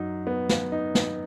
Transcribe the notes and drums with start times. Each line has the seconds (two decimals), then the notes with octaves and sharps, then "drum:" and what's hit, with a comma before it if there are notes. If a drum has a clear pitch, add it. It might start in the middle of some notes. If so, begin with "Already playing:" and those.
Already playing: F#2 D#4 F#4
0.27 B3
0.49 drum: snare
0.72 D#4
0.95 drum: snare